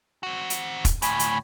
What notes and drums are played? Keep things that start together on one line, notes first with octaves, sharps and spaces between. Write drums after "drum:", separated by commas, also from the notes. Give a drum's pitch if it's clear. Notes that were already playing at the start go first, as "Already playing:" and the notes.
C4 F#4
drum: hi-hat
drum: kick, hi-hat
D2 A2 G#5 B5, drum: hi-hat
drum: hi-hat